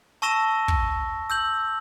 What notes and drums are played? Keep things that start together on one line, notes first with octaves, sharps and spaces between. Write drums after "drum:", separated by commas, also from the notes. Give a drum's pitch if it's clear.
A5 C#6 E6 A#6 E7 G7
drum: kick
E6 G6 F#7